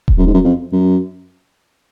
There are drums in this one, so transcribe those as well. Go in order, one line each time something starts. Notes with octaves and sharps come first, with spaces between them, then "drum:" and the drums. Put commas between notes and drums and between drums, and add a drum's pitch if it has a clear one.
drum: kick D#1
F#2
G#2
F#2
F2
F#2